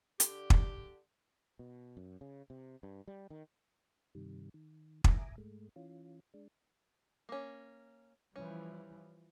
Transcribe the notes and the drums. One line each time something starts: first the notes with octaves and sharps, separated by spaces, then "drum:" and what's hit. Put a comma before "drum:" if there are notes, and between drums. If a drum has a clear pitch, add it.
D3 G4, drum: hi-hat
drum: kick
B2
F#2
C#3
C3
G2
G3
D#3
G2 C3 D#3 G3
D#3
E5 G#5 A#5 D6 D#6, drum: kick
G#2 G#3 A3
E3 C#4 F4
G#3 D4
A#3 C#4
E3 F3 G3 C#4